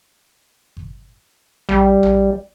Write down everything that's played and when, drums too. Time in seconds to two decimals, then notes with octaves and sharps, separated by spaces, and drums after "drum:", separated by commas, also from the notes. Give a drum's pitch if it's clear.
0.77 drum: kick G1
1.69 G3, drum: tom A#1
2.03 drum: tom A#1